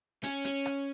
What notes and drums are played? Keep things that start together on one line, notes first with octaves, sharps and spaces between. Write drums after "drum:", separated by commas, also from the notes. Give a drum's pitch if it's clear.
C#4, drum: hi-hat
drum: hi-hat
drum: rim click